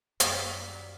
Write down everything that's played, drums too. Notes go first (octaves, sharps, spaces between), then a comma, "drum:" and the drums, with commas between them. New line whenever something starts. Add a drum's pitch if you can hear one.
F#2 D#3 F#3 G3 G5 B6, drum: hi-hat